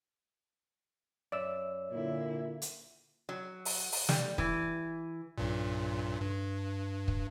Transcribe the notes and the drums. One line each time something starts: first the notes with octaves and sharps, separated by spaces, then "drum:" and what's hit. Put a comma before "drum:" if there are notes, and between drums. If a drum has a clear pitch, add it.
F#2 D5 E5 E6
A#2 D3 E4
drum: hi-hat
F#3
drum: open hi-hat
drum: open hi-hat
G3, drum: snare
E3, drum: kick
B1 G2 A#2
G2
drum: kick